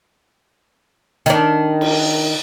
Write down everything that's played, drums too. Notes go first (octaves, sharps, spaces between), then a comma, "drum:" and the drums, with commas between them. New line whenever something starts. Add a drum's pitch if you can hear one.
D#3 D4, drum: hi-hat
drum: cymbal